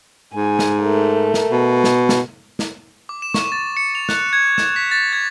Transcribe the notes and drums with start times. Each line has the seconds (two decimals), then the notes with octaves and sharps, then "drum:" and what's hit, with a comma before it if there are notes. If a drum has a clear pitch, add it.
0.34 G#2 G#5
0.59 drum: snare
0.83 A3 A#4
1.34 drum: snare
1.50 B2
1.84 drum: snare
2.09 drum: snare
2.59 drum: snare
3.09 D6
3.22 E7
3.34 C#6, drum: snare
3.52 A6
3.77 C#7
3.95 F7
4.09 F#6, drum: snare
4.33 G#6
4.58 E7, drum: snare
4.76 B6
4.91 A6
5.13 G#6